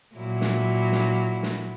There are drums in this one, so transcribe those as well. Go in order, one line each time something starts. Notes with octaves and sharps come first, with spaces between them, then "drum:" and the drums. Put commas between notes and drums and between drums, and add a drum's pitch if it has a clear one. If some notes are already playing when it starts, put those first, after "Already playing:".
A#2 F#3 E4
drum: snare
drum: snare
drum: snare